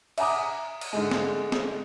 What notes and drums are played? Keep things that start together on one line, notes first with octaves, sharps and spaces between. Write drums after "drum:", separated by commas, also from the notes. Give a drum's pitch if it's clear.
E5 F#5 G#5 A#5 D6 D#6, drum: cymbal
drum: cymbal
G#2 D3 G#3
drum: snare
drum: snare